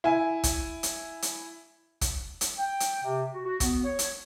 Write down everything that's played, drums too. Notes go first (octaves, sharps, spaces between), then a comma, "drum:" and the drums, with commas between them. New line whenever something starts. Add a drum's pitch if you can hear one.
E4 G#5
drum: kick, hi-hat
drum: hi-hat
drum: hi-hat
drum: kick, hi-hat
drum: hi-hat
G5
drum: hi-hat
C3
F#4
F#4
B3, drum: kick, hi-hat
C#5
drum: hi-hat